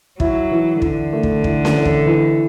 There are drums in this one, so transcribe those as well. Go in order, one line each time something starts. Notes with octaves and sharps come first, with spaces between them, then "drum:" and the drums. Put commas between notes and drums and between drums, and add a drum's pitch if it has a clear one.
F#3 E4, drum: kick
E3
D3 E3, drum: kick
A3
drum: kick
E4, drum: kick
drum: snare C#4
E3
drum: kick
E3